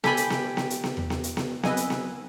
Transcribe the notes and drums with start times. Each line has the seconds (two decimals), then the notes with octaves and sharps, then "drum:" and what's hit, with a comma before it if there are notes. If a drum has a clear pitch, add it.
0.04 G4 A4 G#5 B5, drum: snare B3
0.17 drum: hi-hat
0.30 drum: snare B3
0.57 drum: snare B3
0.70 drum: hi-hat
0.84 drum: snare B3
0.97 drum: tom E2
1.10 drum: snare B3
1.24 drum: hi-hat
1.37 drum: snare B3
1.63 F#3 C4 B4 D#5 G#5 E6, drum: snare B3
1.77 drum: hi-hat
1.90 drum: snare B3